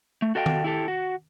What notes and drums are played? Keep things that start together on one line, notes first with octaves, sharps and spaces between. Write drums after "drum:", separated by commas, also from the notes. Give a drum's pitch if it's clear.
A3
F#4 A4 D#5 F5 G5
drum: tom D#3
E4 G4 A4
F#4